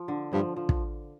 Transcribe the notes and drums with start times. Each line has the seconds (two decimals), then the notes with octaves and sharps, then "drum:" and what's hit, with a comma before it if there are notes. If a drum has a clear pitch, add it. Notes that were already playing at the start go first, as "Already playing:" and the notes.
Already playing: F3
0.08 D3
0.33 G2 F3
0.56 F3
0.69 drum: kick